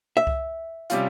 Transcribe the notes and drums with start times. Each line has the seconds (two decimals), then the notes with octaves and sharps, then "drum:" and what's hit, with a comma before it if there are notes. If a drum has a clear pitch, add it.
0.17 E5
0.27 drum: kick C2
0.90 C3 G3 C#4 F4, drum: hi-hat